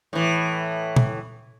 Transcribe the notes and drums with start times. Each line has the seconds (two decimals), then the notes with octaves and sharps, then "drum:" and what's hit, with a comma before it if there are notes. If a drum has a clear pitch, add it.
0.13 A2 E3
0.96 drum: tom A#2